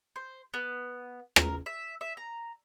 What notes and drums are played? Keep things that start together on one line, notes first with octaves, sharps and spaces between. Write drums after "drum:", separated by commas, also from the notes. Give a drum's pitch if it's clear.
C5
B3
A#4, drum: rim click
E5
E5
A#5